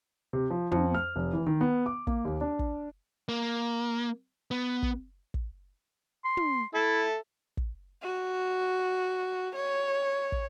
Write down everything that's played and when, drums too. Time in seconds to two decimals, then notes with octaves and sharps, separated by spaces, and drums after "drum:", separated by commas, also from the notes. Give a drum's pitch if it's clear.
0.33 C3
0.50 F3
0.71 F2, drum: tom
0.95 F6
1.16 F1
1.33 E3
1.47 D#3
1.61 B3
1.86 D6
2.07 A#3, drum: kick
2.25 D#2
2.41 D4
2.59 drum: kick
3.29 A#3
4.51 B3
4.82 drum: kick
5.34 drum: kick
6.25 C6
6.37 drum: tom
6.74 E4 A4 E5
7.57 drum: kick
8.03 F#4
9.56 C#5
10.32 drum: kick